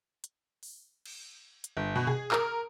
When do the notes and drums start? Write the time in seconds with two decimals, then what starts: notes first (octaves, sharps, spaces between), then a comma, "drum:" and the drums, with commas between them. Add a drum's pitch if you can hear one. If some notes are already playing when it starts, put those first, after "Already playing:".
0.24 drum: hi-hat
0.63 drum: open hi-hat
1.06 drum: cymbal
1.64 drum: hi-hat
1.77 G1
1.96 B2
2.07 G#4, drum: tom B2
2.32 A#4, drum: clap